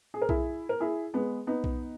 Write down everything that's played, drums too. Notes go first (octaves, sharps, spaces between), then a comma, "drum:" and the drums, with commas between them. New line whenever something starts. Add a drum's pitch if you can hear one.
G#4
A#4
E4 G#4, drum: kick B1
A#4
E4 G#4
G#3 B3
B3 D#4
drum: kick B1